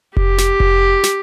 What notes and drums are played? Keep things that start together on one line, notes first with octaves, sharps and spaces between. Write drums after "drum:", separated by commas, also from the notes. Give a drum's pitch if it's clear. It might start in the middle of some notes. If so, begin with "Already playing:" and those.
G4, drum: kick F1
drum: snare
drum: kick F1
drum: snare